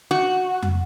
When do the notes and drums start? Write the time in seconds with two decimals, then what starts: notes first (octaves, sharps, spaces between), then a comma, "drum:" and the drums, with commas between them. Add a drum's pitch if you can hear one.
0.11 F#4
0.63 drum: tom